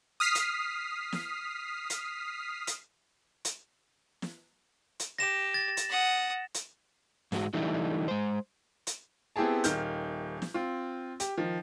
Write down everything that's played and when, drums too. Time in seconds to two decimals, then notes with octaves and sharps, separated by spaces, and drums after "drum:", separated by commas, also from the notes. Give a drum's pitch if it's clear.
0.20 D#6 F6 B6 C7
0.35 drum: hi-hat
1.12 drum: snare
1.90 drum: hi-hat
2.67 drum: hi-hat
3.45 drum: hi-hat
4.22 drum: snare
5.00 drum: hi-hat
5.18 G4 A#6 E7
5.54 A6
5.77 drum: hi-hat
5.89 F#5 D#6
6.55 drum: hi-hat
7.32 G#2 G#3 A3 F#4, drum: snare
7.54 D3 E3 G3 A3 D#4 E4
8.08 G#3 C5
8.87 drum: hi-hat
9.36 B3 C4 E4 G4 G#4 A5
9.64 D#1 D#3 F6 G6, drum: hi-hat
10.42 drum: snare
10.54 C4 F4
11.20 G4, drum: hi-hat
11.37 D#3 F3